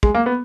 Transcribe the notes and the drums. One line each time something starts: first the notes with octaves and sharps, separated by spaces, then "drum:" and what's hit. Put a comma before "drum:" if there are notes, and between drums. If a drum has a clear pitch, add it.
G#3, drum: kick
A#3
B3